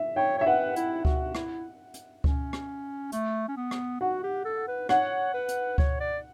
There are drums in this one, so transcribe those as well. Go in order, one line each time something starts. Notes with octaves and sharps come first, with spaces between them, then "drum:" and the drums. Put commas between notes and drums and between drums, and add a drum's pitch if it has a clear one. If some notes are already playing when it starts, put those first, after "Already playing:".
Already playing: E5
C#5 G5
C#5
E5
B4 F#5
E4, drum: hi-hat
F#4, drum: kick C#2
E4, drum: rim click
drum: hi-hat
C#4, drum: kick C#2
drum: rim click
A3, drum: hi-hat
C#4
B3
drum: rim click
F#4 F#5
G4
A4
B4
C#5 F#5, drum: rim click
B4
drum: hi-hat
C#5, drum: kick C#2
D5